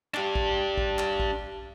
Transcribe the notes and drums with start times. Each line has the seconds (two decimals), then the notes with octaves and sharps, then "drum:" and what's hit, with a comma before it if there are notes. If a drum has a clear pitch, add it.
0.14 D4 G4, drum: clap
0.35 drum: kick
0.78 drum: kick
0.99 drum: clap
1.20 drum: kick